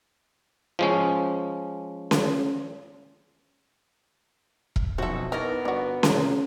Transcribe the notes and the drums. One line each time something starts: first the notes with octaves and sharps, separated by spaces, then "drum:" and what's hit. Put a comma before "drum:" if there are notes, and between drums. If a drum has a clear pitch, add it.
F3 G#3 C#4
drum: snare C#4
drum: kick E1
B1 F2 B2 F#4 A4 C5 E5
B3 D#4 E4 A#4 D5 D#5 C#6 A#6
G1 D4 F#4
C3 A#5, drum: snare C#4